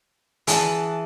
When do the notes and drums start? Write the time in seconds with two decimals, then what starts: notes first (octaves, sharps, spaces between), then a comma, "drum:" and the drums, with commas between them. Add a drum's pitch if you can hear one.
0.47 E3 G#4 F#5 A5, drum: hi-hat